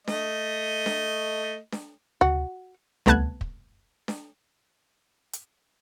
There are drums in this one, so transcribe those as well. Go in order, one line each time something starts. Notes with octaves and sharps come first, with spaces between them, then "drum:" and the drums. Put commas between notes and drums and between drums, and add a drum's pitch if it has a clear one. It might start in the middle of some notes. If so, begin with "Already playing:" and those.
A3 D#5, drum: snare D4
drum: snare D4
drum: snare D4
F#4, drum: tom D2
C2 A3 B3 A5 F#6 G#6, drum: tom D2
drum: kick
drum: snare D4
drum: hi-hat